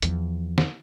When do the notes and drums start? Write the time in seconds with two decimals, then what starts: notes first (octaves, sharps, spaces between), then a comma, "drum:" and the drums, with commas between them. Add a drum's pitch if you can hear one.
0.02 E2 F3, drum: hi-hat
0.58 drum: snare